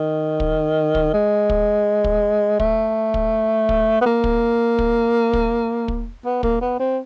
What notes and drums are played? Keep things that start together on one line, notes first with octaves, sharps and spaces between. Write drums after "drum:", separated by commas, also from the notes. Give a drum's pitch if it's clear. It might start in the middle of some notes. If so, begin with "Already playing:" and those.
Already playing: D#3
drum: kick
drum: kick
G#3
drum: kick
drum: kick
A3, drum: kick
drum: kick
drum: kick
B3
A#3
drum: kick
drum: kick
drum: kick
drum: kick
B3
A#3, drum: kick
B3
C4